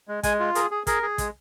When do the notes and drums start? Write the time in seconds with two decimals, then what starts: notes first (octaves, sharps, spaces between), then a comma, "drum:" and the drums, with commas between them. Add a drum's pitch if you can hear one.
0.08 G#3
0.23 G#3 G#5, drum: kick, hi-hat
0.40 F4
0.55 G#4 A#4, drum: hi-hat
0.71 G#4
0.87 G#4 A#4, drum: kick, hi-hat
1.03 G#4
1.18 G#3, drum: kick, hi-hat